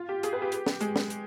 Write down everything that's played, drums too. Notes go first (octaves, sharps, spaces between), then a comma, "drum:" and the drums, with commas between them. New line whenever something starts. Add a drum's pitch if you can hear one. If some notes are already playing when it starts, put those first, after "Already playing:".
Already playing: F4
G4
G#4, drum: hi-hat
B4
G4
drum: hi-hat
drum: snare
G#3, drum: hi-hat
drum: snare
drum: hi-hat